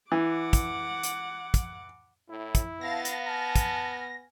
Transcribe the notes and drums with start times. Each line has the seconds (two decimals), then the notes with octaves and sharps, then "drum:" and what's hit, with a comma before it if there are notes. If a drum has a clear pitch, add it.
0.12 E3 F#5 D6
0.53 drum: kick, hi-hat
1.03 drum: hi-hat
1.54 drum: kick, hi-hat
2.30 A2 E4
2.55 drum: kick, hi-hat
2.81 B3 F5 A5 A6 A#6
3.05 drum: hi-hat
3.26 G#5 A5 F6
3.56 drum: kick, hi-hat